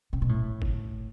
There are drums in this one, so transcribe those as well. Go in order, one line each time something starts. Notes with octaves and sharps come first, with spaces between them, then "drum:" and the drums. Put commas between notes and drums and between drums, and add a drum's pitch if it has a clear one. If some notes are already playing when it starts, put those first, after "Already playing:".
C3
B2
A2
drum: kick